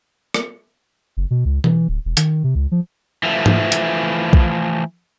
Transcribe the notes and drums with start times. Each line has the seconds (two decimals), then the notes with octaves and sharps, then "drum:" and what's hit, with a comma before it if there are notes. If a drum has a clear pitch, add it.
0.34 drum: rim click
1.17 F#1
1.31 B2
1.45 C#2
1.64 E3, drum: tom B2
1.88 D1
2.05 E1
2.17 D#3, drum: hi-hat
2.44 C3
2.55 C#2
2.72 F3
3.23 E3 F3 A3
3.46 drum: tom G#2
3.72 drum: hi-hat
4.33 drum: kick